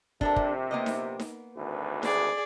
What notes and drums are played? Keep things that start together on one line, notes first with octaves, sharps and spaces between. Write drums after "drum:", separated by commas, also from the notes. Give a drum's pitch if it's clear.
A#1 C3 D4 A4 A#4, drum: kick
drum: kick
A#3 B3 D#5
drum: snare D#4
drum: snare D#4
G#1 D2 B4
G#4 D5, drum: snare D#4